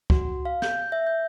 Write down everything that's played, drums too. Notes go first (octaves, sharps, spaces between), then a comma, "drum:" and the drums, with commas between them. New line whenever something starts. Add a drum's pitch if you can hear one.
F#4, drum: kick C#2
F5
G6, drum: snare
E5
G6